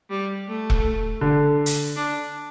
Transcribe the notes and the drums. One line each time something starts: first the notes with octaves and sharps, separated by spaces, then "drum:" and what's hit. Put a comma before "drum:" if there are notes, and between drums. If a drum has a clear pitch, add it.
G3
A3
drum: kick E1
D3
drum: hi-hat
D4